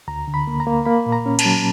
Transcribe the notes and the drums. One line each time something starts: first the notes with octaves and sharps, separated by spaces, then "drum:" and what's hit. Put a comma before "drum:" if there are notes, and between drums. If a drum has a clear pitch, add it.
D2 A#5
D3
B5
A#3
A#5
A#3
A#3 B5
A#2
A#5
C#4
A5, drum: cymbal
F#3